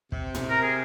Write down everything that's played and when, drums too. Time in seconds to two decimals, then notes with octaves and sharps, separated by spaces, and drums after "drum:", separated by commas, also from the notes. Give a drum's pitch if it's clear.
0.12 C3, drum: kick
0.35 drum: tom A2
0.50 A#4
0.63 G#4